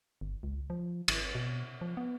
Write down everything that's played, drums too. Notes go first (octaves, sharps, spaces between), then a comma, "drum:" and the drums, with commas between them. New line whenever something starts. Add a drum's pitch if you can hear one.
G1
C#2
F3
G#1, drum: cymbal
B2
F3
B3